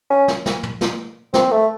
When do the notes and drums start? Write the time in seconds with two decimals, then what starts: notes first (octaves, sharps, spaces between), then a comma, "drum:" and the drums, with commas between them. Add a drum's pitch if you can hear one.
0.11 C#4
0.28 drum: snare
0.46 drum: snare
0.63 drum: tom
0.81 drum: snare
1.34 C4, drum: snare
1.51 A3